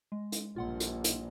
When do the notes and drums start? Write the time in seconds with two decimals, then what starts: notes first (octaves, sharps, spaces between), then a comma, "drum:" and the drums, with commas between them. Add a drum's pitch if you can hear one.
0.12 G#3
0.32 drum: hi-hat
0.56 A#1 G2 F4 F#5 C6
0.80 drum: hi-hat
1.04 drum: hi-hat